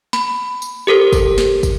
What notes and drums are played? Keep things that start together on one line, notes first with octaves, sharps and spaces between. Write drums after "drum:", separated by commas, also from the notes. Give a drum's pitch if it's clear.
B5, drum: snare
drum: tambourine
G4 A4 A#4 C5
drum: kick, tambourine
drum: snare
drum: kick, tambourine